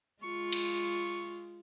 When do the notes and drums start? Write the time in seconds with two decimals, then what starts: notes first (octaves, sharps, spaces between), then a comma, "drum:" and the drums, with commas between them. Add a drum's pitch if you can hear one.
0.23 G#3 F4 C#6
0.53 drum: cymbal